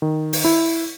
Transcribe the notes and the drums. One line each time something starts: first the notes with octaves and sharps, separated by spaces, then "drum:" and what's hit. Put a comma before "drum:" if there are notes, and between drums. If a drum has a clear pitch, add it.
D#3
drum: open hi-hat
E4